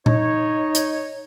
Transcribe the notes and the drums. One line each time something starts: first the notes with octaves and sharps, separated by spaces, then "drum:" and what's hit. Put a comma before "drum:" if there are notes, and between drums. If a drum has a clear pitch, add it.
D#4 C#5, drum: tom A#2
drum: hi-hat